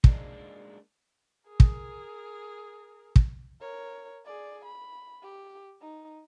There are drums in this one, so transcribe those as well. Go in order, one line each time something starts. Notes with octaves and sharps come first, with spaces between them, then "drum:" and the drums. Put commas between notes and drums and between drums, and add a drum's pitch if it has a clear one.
G#3 A#3 D4 D#4, drum: kick
G#4 A#4
drum: kick
drum: kick
A#4 C#5
G#4 D5
B5
G4
D#4